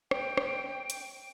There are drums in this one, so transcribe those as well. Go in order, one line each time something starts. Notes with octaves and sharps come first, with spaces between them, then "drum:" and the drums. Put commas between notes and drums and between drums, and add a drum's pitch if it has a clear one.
G5, drum: rim click
drum: rim click
drum: hi-hat